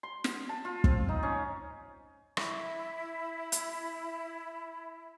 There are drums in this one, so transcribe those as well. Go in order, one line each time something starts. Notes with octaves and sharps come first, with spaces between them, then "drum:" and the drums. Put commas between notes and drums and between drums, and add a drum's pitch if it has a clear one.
C6
drum: snare
A5
F4
C4, drum: kick
D#4
C#4
E4 E5, drum: rim click
drum: hi-hat